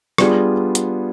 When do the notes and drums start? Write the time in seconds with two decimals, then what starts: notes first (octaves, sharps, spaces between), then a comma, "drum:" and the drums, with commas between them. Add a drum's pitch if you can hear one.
0.18 G3 B3 D4 F4 G#4, drum: rim click
0.75 drum: hi-hat